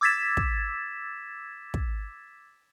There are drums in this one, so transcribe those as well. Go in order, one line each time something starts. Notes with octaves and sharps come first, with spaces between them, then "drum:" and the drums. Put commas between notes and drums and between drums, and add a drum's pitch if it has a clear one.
D6 E6 G#6 A6 B6 E7
drum: kick
drum: kick